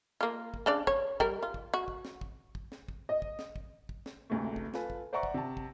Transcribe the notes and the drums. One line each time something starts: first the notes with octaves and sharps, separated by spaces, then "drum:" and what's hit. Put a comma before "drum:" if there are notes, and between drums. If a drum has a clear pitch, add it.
A#3 F4
drum: kick
C#3 D4 D5
C#5, drum: kick
G3 A#4, drum: kick
F4
drum: kick
F#4
drum: kick
drum: snare
drum: kick
drum: kick
drum: snare
drum: kick
D#5
drum: kick
drum: snare
drum: kick
drum: kick
drum: snare
A1 D2 C3 G#3 A3
drum: kick
F4 A4 B4 G#5, drum: snare
drum: kick
C5 D5 E5 F#5 A#5 C#6
drum: kick
C3 A5
drum: kick